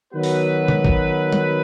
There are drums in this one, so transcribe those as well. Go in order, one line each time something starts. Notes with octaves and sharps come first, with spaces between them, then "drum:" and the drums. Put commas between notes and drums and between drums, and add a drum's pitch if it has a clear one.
D#3 F#3 B3 F#4 B4
drum: open hi-hat
drum: tom
drum: kick A1
drum: tom